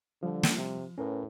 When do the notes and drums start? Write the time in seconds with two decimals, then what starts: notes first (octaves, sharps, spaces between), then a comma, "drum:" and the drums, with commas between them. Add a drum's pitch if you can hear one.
0.23 D3 F3 G3
0.43 drum: snare
0.56 C3
0.98 A2 C#4 A#4 B4